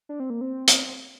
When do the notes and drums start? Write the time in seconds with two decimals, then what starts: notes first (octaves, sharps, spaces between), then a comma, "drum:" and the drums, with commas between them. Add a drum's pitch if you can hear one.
0.09 D4
0.20 C4
0.30 A#3
0.41 C4
0.67 drum: hi-hat